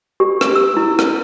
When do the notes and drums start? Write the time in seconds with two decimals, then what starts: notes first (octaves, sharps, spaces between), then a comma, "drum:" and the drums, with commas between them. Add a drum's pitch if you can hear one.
0.20 G4
0.41 drum: rim click
0.56 E6
0.77 E4
0.99 drum: rim click